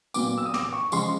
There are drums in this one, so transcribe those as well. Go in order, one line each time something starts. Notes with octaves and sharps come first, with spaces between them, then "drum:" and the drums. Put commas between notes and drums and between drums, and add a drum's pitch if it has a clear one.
A#2 F#3 B3 D6, drum: tambourine
E6
D#6
D6, drum: snare
C#6
C#3 F3 G#3 C6, drum: tambourine